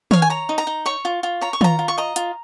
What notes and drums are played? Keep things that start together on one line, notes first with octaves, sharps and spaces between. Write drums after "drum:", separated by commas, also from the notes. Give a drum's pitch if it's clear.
C#5 F5, drum: tom
G#5
C#5 A#5
D#4
A#5
D#4
C#5 C#6
F4
F4
C#5 A#5
C#6
F4 A#5, drum: tom
F4
C#6
D#5 A#5
F4, drum: hi-hat